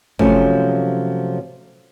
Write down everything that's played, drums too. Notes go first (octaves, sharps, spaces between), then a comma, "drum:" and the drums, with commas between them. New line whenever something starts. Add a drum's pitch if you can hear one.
C3 F3 F#3 A3 C#4, drum: kick